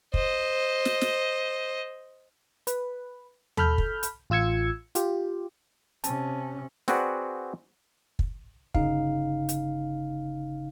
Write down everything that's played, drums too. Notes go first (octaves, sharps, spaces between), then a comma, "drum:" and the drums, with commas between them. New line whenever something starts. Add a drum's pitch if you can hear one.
C5 D#5, drum: kick
drum: snare
drum: snare
B4, drum: hi-hat
A4 B5 F6 G6, drum: tom D#2
drum: kick
drum: hi-hat
A1 F4 E6 G#6 C#7
F4 G4, drum: hi-hat
C3 C#4 A5, drum: hi-hat
C4 F#4 G#4 B4 D5 F#5, drum: snare
drum: kick
G1 C#3 D#4 F5, drum: kick
drum: hi-hat